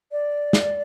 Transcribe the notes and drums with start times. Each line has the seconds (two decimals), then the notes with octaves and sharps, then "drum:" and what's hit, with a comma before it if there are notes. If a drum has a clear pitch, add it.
0.12 D5
0.53 drum: snare